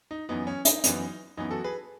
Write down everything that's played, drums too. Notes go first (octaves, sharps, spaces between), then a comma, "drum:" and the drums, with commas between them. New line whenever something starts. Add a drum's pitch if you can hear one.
D#4
F#2 E3 B3 D#4
C#4
D#4, drum: hi-hat
F#2 E3 B3, drum: hi-hat
F#2 E3 B3 D#4
F#4 A4
G#4 B4